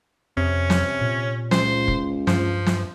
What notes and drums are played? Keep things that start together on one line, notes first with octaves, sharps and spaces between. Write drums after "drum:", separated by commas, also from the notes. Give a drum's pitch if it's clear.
F2 C3 C#4
drum: snare
A#2
C#2 C5, drum: snare
drum: kick
G2 F3, drum: snare
drum: snare